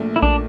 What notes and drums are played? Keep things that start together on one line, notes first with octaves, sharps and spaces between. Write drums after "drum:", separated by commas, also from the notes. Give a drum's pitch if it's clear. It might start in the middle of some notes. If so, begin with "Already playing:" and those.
Already playing: A#1 A#2 A3
E4
D4, drum: kick A#1